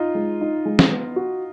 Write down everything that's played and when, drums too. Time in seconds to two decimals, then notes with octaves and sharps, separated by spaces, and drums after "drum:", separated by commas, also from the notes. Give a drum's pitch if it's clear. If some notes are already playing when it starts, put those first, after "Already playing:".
Already playing: D#4 F4
0.15 G#3
0.41 D#4
0.65 G#3
0.79 drum: snare
0.91 B3
1.16 F#4